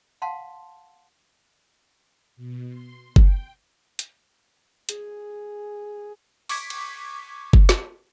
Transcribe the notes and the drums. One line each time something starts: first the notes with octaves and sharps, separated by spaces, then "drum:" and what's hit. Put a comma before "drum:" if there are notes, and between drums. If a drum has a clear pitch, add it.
F5 F#5 A5 C6
B2
C6
G5, drum: kick F#1
drum: hi-hat
G#4, drum: hi-hat
C#6 D6 G#6 B6, drum: open hi-hat
drum: cymbal
drum: kick F#1
drum: snare